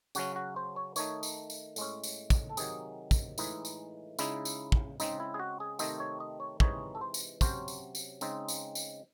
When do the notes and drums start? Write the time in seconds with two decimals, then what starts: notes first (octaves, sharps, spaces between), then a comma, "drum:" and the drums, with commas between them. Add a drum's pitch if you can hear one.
0.15 C#3 F#3 C#4 F#4, drum: tambourine
0.36 F#4
0.56 C5
0.76 C#5
0.96 D#3 A3 D#4 C#5, drum: tambourine
1.23 drum: tambourine
1.50 drum: tambourine
1.76 A2 G#3 C#4, drum: tambourine
2.03 drum: tambourine
2.30 drum: kick, tambourine
2.49 A4
2.57 C3 D#3 F#3 G#4, drum: tambourine
3.11 drum: kick, tambourine
3.38 A2 E3 G#3 D#4, drum: tambourine
3.65 drum: tambourine
4.19 C#3 G#3 D#4 E4, drum: tambourine
4.45 drum: tambourine
4.72 drum: kick
5.00 C#3 G#3 C4 D#4, drum: tambourine
5.20 E4
5.34 G#4
5.40 F#4
5.60 G#4
5.79 C3 D#3 A3 C4 D#4 D#5, drum: tambourine
6.00 C#5
6.20 D#5
6.40 C#5
6.60 C3 E3 G#3 D#4 C#5, drum: kick
6.95 A4
7.01 C5
7.14 drum: tambourine
7.41 C3 F#3 C#4 C5, drum: kick, tambourine
7.68 drum: tambourine
7.95 drum: tambourine
8.21 C#3 G#3 C4 D#4, drum: tambourine
8.48 drum: tambourine
8.75 drum: tambourine